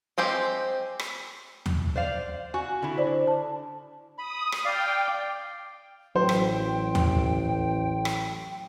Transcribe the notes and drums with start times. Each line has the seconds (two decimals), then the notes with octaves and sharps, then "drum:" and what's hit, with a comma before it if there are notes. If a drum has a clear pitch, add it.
0.18 G#3 C4 G4 C5
0.99 drum: rim click
1.66 drum: tom D#2
1.96 C5 D5 F5
2.54 F#4 G#5
2.82 D3 E4
2.98 C5 D5
3.27 A5
4.18 B5 D#6
4.52 drum: rim click
4.65 D5 F5 G5
6.16 A1 F#3 C5 G5
6.29 drum: rim click
6.95 drum: tom D#2
8.05 drum: rim click